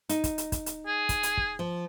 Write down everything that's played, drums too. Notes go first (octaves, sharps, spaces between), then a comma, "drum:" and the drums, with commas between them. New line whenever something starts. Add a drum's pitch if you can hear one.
D#4, drum: hi-hat
drum: kick, hi-hat
drum: hi-hat
drum: kick, hi-hat
drum: hi-hat
G#4
drum: kick, hi-hat
drum: hi-hat
drum: kick
F3